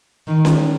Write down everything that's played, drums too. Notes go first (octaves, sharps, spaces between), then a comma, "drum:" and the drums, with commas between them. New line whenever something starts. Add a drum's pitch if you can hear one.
D#3
drum: snare C#4